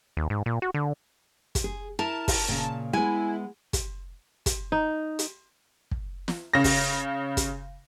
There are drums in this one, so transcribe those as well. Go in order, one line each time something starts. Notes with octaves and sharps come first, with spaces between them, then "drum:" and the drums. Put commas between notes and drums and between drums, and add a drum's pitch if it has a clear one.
D#2
G#2
A#2
F#4
D3
drum: kick, hi-hat
G#4
E4 A#4 A5
drum: kick, open hi-hat
A#2 C#3
G#3 B3 E4 G#5
drum: kick, hi-hat
drum: kick, hi-hat
D#4
drum: hi-hat
drum: kick
drum: snare
C#3 A#6
drum: kick, open hi-hat
drum: kick, hi-hat